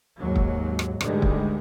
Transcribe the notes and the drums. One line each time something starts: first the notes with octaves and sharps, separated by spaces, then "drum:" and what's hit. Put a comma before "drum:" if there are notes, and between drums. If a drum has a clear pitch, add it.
D#2 G#2 F#3
drum: kick
drum: rim click
D2 G#2 D3 D#3 G3 G#3, drum: rim click
drum: kick